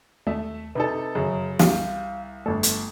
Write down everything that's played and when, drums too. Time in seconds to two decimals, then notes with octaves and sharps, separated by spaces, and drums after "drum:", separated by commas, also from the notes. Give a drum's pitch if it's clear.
0.27 D#2 A3 E5
0.75 C3 D#4 A4 B4
1.15 F#2 C#3 G#4
1.59 C2 G4 F5, drum: snare
2.46 G1 A3 A4
2.63 drum: hi-hat